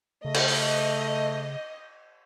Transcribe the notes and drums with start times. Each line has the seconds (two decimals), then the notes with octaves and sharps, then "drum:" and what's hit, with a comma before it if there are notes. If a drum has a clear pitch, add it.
0.25 C#3 A3 D#5
0.34 drum: cymbal
0.48 drum: open hi-hat